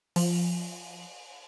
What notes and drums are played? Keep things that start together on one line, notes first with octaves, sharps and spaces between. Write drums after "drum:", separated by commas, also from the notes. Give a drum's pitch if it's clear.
F3, drum: open hi-hat